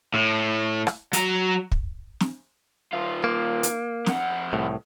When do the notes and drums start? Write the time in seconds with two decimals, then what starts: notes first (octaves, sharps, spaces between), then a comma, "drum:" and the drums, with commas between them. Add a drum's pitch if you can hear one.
0.14 A2
0.87 drum: rim click
1.13 F#3 A#5, drum: hi-hat
1.72 drum: kick
2.20 drum: snare
2.93 D#3 F4
3.24 A#3
3.63 drum: hi-hat
4.06 F2 F#5, drum: snare
4.53 C2 A2